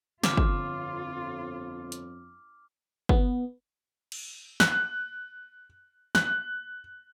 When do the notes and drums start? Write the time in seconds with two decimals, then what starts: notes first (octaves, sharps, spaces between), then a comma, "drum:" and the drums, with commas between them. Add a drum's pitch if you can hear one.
0.24 G1 F2 F4 D6 F6 E7, drum: snare
0.37 drum: kick
1.92 drum: hi-hat
3.09 B3, drum: kick
4.12 drum: cymbal
4.60 F#6, drum: snare
6.15 F#6, drum: snare